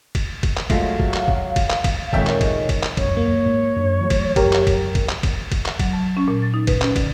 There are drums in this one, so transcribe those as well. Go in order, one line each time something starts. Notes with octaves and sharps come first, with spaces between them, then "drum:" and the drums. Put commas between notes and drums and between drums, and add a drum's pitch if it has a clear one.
drum: kick, cymbal
drum: kick, cymbal
drum: clap
F3 F#3 G#3 A3 E5 F5 A#6 C7, drum: kick, cymbal
drum: kick
drum: clap
drum: kick
drum: kick, cymbal
drum: clap
drum: kick, cymbal
F2 A#2 D#3 G#3 G#4 C#5 E5 G5, drum: kick
drum: clap
drum: kick, cymbal
drum: kick, cymbal
drum: clap
E1 C#2 F#2 C#5, drum: kick, cymbal
A#3
G#2
F#2 D4
E3 F#3 A3
drum: kick, cymbal
F#1 F#2 G4 A#4, drum: kick, cymbal
drum: clap
drum: kick, cymbal
drum: kick, cymbal
drum: clap
drum: kick, cymbal
drum: kick, cymbal
drum: clap
F#3, drum: kick, cymbal
A5
C#4
A#2
A6
D#4
B4, drum: kick, cymbal
C#4, drum: clap
D3, drum: kick, cymbal